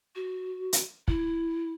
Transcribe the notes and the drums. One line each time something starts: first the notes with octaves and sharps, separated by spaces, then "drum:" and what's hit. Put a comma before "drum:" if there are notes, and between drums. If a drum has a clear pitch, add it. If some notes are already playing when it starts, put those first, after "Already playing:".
F#4
drum: hi-hat
E4, drum: kick